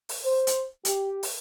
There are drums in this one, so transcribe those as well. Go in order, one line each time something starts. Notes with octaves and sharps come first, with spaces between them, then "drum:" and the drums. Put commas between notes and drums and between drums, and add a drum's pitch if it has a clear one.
drum: open hi-hat
C5
drum: hi-hat
G4, drum: hi-hat
drum: open hi-hat